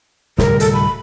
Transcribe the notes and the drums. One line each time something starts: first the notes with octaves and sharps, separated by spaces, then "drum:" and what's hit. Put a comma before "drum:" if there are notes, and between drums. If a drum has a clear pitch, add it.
D1 C3 G3 A#4, drum: snare
A4, drum: hi-hat
B5